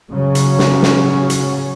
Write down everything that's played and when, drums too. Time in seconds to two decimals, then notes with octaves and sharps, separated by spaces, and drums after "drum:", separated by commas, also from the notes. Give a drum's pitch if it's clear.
0.11 C#3 F#3 C#4
0.35 drum: hi-hat
0.59 drum: snare
0.82 drum: snare
1.30 drum: hi-hat